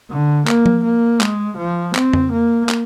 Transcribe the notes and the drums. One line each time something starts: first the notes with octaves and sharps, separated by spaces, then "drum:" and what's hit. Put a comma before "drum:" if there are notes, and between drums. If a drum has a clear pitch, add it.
D3
A#3, drum: clap
drum: tom F3
A#3
G#3, drum: clap
F3
C4, drum: clap
drum: tom F2
A#3
drum: clap